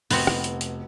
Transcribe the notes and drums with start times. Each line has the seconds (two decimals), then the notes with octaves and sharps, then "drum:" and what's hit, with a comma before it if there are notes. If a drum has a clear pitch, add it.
0.11 F1 B3 C4 F#4, drum: open hi-hat
0.27 drum: rim click
0.44 drum: hi-hat
0.61 drum: hi-hat